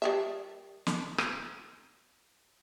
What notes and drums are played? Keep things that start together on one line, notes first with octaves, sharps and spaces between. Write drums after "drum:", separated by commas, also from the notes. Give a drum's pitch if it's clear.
G3 A#4 E5
drum: snare
drum: rim click